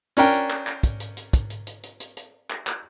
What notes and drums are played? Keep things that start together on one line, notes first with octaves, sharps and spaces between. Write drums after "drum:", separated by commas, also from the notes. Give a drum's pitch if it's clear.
C#4 D4 A#4 G5, drum: hi-hat
drum: hi-hat
drum: clap
drum: clap
drum: kick, hi-hat
drum: hi-hat
drum: hi-hat
drum: kick, hi-hat
drum: hi-hat
drum: hi-hat
drum: hi-hat
drum: hi-hat
drum: hi-hat
drum: clap
drum: clap